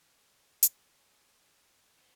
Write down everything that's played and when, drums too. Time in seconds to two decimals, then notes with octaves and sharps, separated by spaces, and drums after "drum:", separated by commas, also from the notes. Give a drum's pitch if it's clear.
0.17 G#4 C#5
0.63 drum: hi-hat
1.98 B3 C5